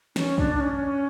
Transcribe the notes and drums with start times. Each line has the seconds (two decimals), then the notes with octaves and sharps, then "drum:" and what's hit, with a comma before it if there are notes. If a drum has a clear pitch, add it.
0.16 C#4, drum: snare
0.38 D4, drum: kick
0.54 D4
0.60 C#4